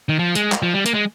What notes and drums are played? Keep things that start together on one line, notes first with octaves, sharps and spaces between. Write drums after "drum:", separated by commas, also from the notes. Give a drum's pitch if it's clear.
D#3
F3
G#3, drum: hi-hat
drum: clap
F3
G3
A#3, drum: hi-hat
G#3